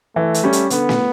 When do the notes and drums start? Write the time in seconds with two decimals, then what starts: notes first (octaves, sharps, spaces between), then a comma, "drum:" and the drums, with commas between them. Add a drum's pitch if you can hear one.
0.16 E3 A3
0.34 drum: hi-hat
0.43 G3 C#4
0.53 drum: hi-hat
0.70 D3 B3, drum: hi-hat
0.89 drum: snare